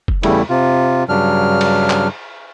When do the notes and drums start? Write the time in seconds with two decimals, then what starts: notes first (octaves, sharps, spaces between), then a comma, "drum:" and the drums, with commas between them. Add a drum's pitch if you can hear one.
0.08 drum: kick F1
0.23 E2 C#3 G3 A3 E4, drum: cymbal
0.50 C3 F4
1.09 G2 C#3 F#3 D4 F6
1.61 drum: cymbal
1.90 drum: clap